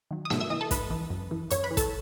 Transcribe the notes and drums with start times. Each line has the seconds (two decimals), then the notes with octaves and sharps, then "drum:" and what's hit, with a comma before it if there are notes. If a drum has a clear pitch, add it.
0.11 D#3 F#3
0.25 D#6
0.30 G#2 E5 E6, drum: snare A#3
0.41 E5 E6
0.50 E3 D#5 D#6
0.61 A4 A5
0.71 G#2 B4 B5, drum: kick, hi-hat
0.90 E3
1.10 F#2
1.31 E3
1.51 F#2 C#5 C#6, drum: hi-hat
1.64 B4 B5
1.71 E3
1.77 A4 A5, drum: kick, hi-hat